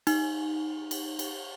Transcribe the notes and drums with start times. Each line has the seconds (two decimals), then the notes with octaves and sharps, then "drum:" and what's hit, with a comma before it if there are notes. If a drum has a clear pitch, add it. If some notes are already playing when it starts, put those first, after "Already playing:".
0.07 D#4, drum: cymbal
0.91 drum: cymbal
1.19 drum: cymbal